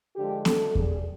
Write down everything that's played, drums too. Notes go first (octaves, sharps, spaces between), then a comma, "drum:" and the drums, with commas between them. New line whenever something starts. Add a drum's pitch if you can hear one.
D3 F3 G#3 G4
D3 F#3 A3 A4, drum: snare B3
B2 G3 G#4, drum: kick E2